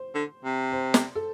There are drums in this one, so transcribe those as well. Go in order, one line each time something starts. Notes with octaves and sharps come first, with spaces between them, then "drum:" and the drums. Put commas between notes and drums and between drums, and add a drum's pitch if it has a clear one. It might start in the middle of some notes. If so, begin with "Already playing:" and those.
Already playing: C5
D3
C3
C5
drum: snare
A4